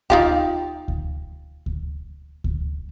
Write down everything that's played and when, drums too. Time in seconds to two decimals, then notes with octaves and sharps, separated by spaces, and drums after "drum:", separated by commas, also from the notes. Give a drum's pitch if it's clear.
0.10 D#4 F4 G4, drum: kick D2
0.88 drum: kick D2
1.66 drum: kick D2
2.44 drum: kick D2